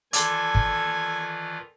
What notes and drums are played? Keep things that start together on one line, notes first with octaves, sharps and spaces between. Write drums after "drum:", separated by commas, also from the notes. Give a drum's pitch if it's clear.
D#3 E3 F4 A4 D5 G#5 A5 C6, drum: hi-hat
drum: kick